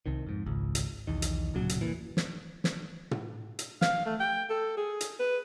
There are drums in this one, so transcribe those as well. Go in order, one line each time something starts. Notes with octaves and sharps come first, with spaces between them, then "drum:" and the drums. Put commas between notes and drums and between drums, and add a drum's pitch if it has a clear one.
C2 C3 D#3
F2 G#2
G#1 C#2
drum: hi-hat
B1 E2 D#3
drum: hi-hat
D1 A#2 C#3 F#3
drum: hi-hat
F1 A#2 E3
drum: snare
drum: snare
drum: tom
drum: hi-hat
F5, drum: snare
A3
G5
A4
G#4
drum: hi-hat
B4